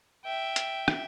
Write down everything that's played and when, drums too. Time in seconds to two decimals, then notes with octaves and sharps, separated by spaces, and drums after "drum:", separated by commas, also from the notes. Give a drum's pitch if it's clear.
0.24 E5 G5
0.56 drum: hi-hat
0.88 drum: rim click